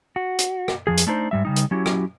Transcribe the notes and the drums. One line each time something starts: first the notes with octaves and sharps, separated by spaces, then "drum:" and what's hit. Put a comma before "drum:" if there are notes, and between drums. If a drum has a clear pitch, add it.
F#4
drum: hi-hat
drum: rim click
F2 F3 G#4
drum: hi-hat
A3 D4 D#4 C5
G#2 G3 E5
C#3 G3 D#4
drum: hi-hat
F#3 C#4 E4 F#4 G4
drum: rim click